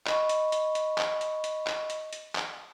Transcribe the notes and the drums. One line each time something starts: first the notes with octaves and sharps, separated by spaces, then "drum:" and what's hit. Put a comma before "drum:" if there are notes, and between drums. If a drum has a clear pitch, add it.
D#5 B5 C#6, drum: clap
drum: hi-hat
drum: hi-hat
drum: hi-hat
drum: clap
drum: hi-hat
drum: hi-hat
drum: clap
drum: hi-hat
drum: hi-hat
drum: clap